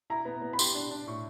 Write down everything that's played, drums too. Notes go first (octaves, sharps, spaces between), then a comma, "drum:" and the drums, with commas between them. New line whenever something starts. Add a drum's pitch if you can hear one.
E4 A#5
B3
B3
B5
G4 C6, drum: tambourine
D4
D4
A2 C#6